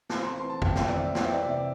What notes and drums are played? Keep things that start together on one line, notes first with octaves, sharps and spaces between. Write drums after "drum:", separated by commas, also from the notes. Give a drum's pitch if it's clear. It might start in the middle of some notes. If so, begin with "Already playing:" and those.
C4 A5, drum: snare
C6
E3 C6
A5
G3 G5, drum: kick
E5, drum: snare
C4 D5, drum: tom F2
E5
E3 G5, drum: snare
E5
D5
C3 E5